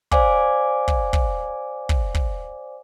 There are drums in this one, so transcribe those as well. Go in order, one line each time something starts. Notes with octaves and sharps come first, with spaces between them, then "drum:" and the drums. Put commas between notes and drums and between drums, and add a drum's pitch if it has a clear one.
C5 D5 F5 G#5 D6, drum: kick
drum: kick
drum: kick
drum: kick
drum: kick